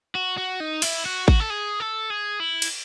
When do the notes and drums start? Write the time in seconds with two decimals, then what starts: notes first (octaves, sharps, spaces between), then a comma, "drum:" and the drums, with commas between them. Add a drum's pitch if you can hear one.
0.15 F#4
0.38 F#4
0.60 D#4
0.82 E4, drum: cymbal
1.05 F#4
1.28 F#4, drum: kick A1
1.40 A4
1.50 G#4
1.80 A4
2.10 G#4
2.40 E4
2.62 drum: cymbal